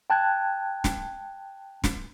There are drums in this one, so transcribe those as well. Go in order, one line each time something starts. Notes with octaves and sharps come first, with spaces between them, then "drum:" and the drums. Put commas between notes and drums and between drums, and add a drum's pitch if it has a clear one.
G5 A5 F#6 G#6
drum: snare
drum: snare